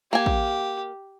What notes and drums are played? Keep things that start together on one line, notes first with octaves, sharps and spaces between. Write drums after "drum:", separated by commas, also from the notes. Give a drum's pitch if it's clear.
A#3 G4 G#5
drum: kick